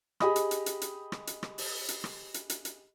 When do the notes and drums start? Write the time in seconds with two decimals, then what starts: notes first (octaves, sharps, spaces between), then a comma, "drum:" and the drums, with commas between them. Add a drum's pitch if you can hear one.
0.20 G4 G#4 D#5 B5 D#6, drum: rim click
0.36 drum: hi-hat
0.51 drum: hi-hat
0.66 drum: hi-hat
0.81 drum: hi-hat
1.12 drum: rim click
1.27 drum: hi-hat
1.43 drum: rim click
1.58 drum: open hi-hat
1.88 drum: hi-hat
2.04 drum: rim click
2.34 drum: hi-hat
2.50 drum: hi-hat
2.65 drum: hi-hat